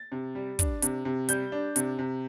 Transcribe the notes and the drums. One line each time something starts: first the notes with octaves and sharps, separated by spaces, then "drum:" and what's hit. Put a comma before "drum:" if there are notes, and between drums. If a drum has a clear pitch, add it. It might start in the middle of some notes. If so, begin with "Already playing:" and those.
Already playing: A6
C3
G3
D4, drum: kick, hi-hat
C3, drum: hi-hat
C3
G3 G6, drum: hi-hat
D4
C3, drum: hi-hat
C3